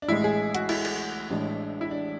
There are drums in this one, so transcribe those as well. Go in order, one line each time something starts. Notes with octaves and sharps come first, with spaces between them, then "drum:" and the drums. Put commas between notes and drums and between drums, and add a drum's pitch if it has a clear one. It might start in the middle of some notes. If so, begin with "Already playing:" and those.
D4
A1 A2 G#3 E4
G#4
F#4, drum: hi-hat
E4, drum: cymbal
drum: cymbal
A1 A2 E3 G#3 D4
E4
D4